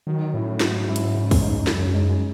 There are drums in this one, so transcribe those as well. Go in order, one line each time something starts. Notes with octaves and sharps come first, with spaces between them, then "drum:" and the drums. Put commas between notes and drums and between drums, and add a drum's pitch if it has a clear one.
D#3 F#3
A2 C#4 E4
G#2 F#3, drum: snare
C#4 E4
drum: hi-hat
C#3
drum: kick, open hi-hat
G#3 D#4
F#2 C#3, drum: snare
G#3 D#4